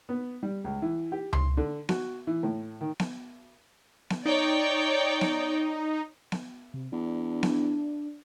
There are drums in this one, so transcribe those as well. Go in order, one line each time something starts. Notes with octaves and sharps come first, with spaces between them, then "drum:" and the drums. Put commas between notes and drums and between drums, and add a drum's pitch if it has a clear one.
B3
G3
C#2
E3
G4
C6, drum: tom C#2
D3
F#4, drum: snare B3
E3
A2
D#3
drum: snare B3
drum: snare B3
D#4 C#5 D5 G5
drum: snare B3
drum: snare B3
C3
E2 D4
drum: snare B3